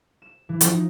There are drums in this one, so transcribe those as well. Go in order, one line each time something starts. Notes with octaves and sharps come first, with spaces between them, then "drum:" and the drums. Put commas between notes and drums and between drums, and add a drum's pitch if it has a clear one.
E7
E3
F3, drum: hi-hat
D#4